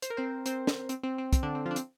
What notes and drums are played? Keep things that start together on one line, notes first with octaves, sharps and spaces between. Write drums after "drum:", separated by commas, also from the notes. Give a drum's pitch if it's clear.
C5, drum: hi-hat
A#4
C4 C5
C4 C5, drum: hi-hat
drum: snare
C4, drum: hi-hat
C4
C4
C4, drum: kick, hi-hat
D3 D4
C4
F3 F4
D4
C4, drum: hi-hat